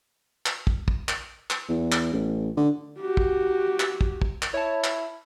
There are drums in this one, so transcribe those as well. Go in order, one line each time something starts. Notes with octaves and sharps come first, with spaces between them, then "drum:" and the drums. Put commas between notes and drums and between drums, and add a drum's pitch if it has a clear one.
drum: clap
drum: kick
drum: kick
drum: clap
drum: clap
E2
drum: clap
A1
D3
F#4 G4
drum: kick
drum: clap
drum: kick
drum: kick
drum: clap
E4 C#5 A5
drum: clap